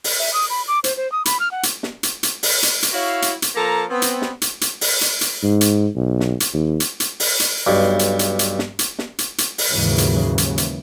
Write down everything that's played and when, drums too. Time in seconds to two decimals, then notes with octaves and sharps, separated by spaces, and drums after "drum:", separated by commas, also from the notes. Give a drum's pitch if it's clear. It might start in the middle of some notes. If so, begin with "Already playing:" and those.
0.04 drum: open hi-hat
0.19 E5
0.34 D#6
0.50 B5
0.68 D6
0.84 C5, drum: hi-hat
0.97 C5
1.12 D#6
1.25 B5, drum: hi-hat
1.40 F6
1.51 F#5
1.63 drum: hi-hat
1.83 drum: snare
2.03 drum: hi-hat
2.23 drum: hi-hat
2.43 drum: open hi-hat
2.63 drum: hi-hat
2.83 drum: hi-hat
2.93 E4 F#4 C#5 E5 F5
3.22 drum: hi-hat
3.42 drum: hi-hat
3.55 F3 A#3 A4 A#5
3.90 B3 C4
4.02 drum: hi-hat
4.22 drum: snare
4.42 drum: hi-hat
4.61 drum: hi-hat
4.81 drum: open hi-hat
5.01 drum: hi-hat
5.21 drum: hi-hat
5.43 G#2
5.61 drum: hi-hat
5.96 B1
6.20 drum: snare
6.40 drum: hi-hat
6.54 D#2
6.80 drum: hi-hat
7.00 drum: hi-hat
7.20 drum: open hi-hat
7.40 drum: hi-hat
7.67 B1 G2
7.99 drum: hi-hat
8.19 drum: hi-hat
8.39 drum: hi-hat
8.59 drum: snare
8.79 drum: hi-hat
8.99 drum: snare
9.18 drum: hi-hat
9.38 drum: hi-hat
9.58 drum: open hi-hat
9.71 D#2 G#2 C#3 E3 F#3
9.98 drum: hi-hat
10.38 drum: hi-hat
10.58 drum: hi-hat